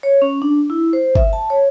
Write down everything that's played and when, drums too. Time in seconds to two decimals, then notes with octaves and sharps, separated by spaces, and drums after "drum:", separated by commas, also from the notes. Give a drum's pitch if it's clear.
0.03 C#5
0.22 C#4
0.42 D4
0.70 E4
0.93 C5
1.15 E5, drum: kick G1
1.33 A5
1.50 C#5